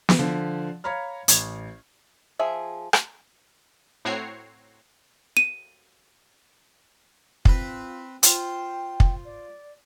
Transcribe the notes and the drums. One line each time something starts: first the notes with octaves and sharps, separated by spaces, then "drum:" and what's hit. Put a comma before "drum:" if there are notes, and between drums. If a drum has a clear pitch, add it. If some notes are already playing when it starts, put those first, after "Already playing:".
drum: snare
D3 F3
C#5 F5 A#5 B5 F6
A1 G#6, drum: hi-hat
F3 G#4 E5
drum: rim click
A2 C4 F#4 C#5 A#5 C7
D#7
C4 F4 B4, drum: kick
F4 C5 G5, drum: hi-hat
drum: kick
D5